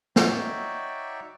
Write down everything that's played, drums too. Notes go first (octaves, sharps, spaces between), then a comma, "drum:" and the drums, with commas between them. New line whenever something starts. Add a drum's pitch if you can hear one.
D#4 F#4 C#5 D5 E5 G5, drum: snare